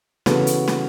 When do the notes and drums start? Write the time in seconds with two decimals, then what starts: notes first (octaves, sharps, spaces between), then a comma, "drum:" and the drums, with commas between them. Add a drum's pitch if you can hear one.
0.26 C#3 E3 B3 F#4 A4, drum: snare
0.47 drum: hi-hat
0.68 drum: snare